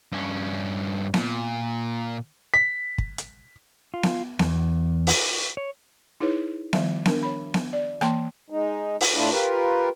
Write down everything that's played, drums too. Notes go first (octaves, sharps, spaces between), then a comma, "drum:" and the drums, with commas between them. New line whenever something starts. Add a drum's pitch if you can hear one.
G2 C#4
A#2, drum: snare B3
B6
drum: kick
drum: hi-hat
F4
drum: snare B3
E2, drum: snare B3
drum: open hi-hat
C#5
D#4 E4 G#4 B4 C#5
D#3 F3 G3 E5 F5, drum: snare B3
D4 A#4, drum: snare B3
C#5 B5
drum: snare B3
D5
E3 A#3 G5 A5 C6, drum: rim click
G#3 D#4
drum: open hi-hat
A2 A3 D4 E4 F4
F4 G4 A#4 B4